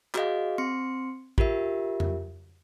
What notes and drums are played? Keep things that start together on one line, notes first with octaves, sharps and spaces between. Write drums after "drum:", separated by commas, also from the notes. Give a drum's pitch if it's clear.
F#4 G#4 D#5 F5, drum: clap
C4 C6 C#7
F4 G4 A#4 E5, drum: kick
drum: tom F2